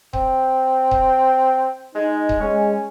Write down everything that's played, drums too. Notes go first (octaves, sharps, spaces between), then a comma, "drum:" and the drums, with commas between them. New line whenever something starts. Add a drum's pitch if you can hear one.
C4, drum: kick D#1
drum: kick D#1
G#3 D#4
drum: kick D#1
G#3 C#4